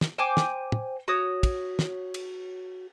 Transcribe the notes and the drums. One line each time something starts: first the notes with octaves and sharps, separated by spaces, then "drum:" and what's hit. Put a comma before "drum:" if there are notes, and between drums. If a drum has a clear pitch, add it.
drum: snare
C5 G5 G#5 D6
drum: snare
drum: tom
F#4 C#5 D#6
drum: kick, cymbal
drum: snare
drum: cymbal